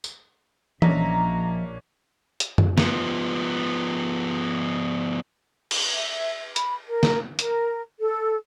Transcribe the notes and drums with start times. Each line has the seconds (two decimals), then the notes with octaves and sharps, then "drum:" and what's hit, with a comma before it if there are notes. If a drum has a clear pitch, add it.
0.04 drum: tambourine
0.82 A#1 F3 A#3 C#4 D4 D#5 E5 A#5, drum: tom E3
2.40 drum: hi-hat
2.58 drum: tom F#2
2.78 F3 B3, drum: snare
5.71 drum: cymbal
5.93 E5
6.56 B5, drum: hi-hat
6.87 A#4
7.03 drum: snare
7.39 A#4, drum: hi-hat
8.00 A4